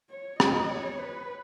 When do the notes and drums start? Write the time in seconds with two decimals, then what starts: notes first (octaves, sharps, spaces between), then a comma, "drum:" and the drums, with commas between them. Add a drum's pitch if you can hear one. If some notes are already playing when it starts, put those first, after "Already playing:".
0.10 C#5
0.40 D#5, drum: rim click
0.70 C#5
0.99 B4